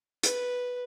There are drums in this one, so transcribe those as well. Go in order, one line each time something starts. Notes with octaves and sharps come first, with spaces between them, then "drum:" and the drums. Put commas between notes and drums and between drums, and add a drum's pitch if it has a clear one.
B4, drum: hi-hat